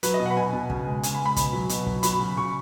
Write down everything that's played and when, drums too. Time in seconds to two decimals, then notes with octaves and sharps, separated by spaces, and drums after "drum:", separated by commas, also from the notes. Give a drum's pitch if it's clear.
0.03 F#3 B4, drum: hi-hat
0.14 D#5
0.20 B2
0.26 F#5 B5
0.37 B2 G#5
0.53 B2
0.70 C#3, drum: kick
0.86 G#3
1.03 C#3 G#5, drum: hi-hat
1.15 B5
1.19 G#3
1.26 B5
1.36 B2, drum: kick, hi-hat
1.53 F#3
1.69 B2, drum: hi-hat
1.87 F#3, drum: kick
2.03 F#3 B5, drum: hi-hat
2.20 C#3
2.36 C#3 C#6